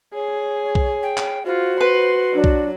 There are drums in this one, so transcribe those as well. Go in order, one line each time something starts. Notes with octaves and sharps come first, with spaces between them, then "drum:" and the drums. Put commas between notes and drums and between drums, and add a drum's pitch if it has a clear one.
G#4 C#5
drum: kick B1
G5
drum: clap
F4 F#4 C5
B4 C6
F#3 D4
drum: kick B1